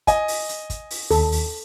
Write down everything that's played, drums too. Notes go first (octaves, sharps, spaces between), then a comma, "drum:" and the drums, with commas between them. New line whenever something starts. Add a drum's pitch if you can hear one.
D#5 G#5, drum: kick, hi-hat
drum: open hi-hat
drum: hi-hat
drum: kick, hi-hat
drum: open hi-hat
D#2 A4, drum: open hi-hat
drum: open hi-hat